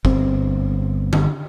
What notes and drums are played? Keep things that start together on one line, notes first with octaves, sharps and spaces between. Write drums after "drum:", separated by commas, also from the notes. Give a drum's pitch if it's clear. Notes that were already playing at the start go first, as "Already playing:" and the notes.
G1 C4, drum: kick
drum: tom D3